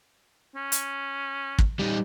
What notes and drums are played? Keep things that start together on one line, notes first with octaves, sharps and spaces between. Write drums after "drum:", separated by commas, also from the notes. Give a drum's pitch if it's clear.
C#4
drum: hi-hat
drum: kick
G3 D#4